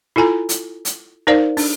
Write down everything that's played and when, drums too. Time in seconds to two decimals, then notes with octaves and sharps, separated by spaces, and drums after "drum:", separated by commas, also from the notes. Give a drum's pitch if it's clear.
0.16 E4 F4 A4 G#5 A#5
0.49 drum: hi-hat
0.85 drum: hi-hat
1.27 D#4 A#4 C5 D5 F5
1.57 D4, drum: open hi-hat